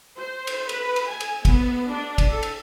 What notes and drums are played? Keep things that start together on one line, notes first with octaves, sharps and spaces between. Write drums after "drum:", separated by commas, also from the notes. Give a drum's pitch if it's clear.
C5
drum: cymbal
B4, drum: cymbal
drum: cymbal
G#5
drum: cymbal
B3, drum: kick, cymbal
D4
drum: kick, cymbal
A4
drum: cymbal